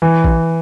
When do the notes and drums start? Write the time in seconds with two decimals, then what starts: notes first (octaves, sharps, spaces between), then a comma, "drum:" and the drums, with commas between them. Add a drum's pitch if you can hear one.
0.02 E3
0.24 drum: kick A#1